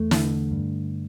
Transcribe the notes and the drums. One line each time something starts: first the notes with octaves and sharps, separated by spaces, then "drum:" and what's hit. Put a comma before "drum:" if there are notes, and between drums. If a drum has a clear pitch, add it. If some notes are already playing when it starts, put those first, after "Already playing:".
Already playing: E2 A3
D3, drum: snare
G2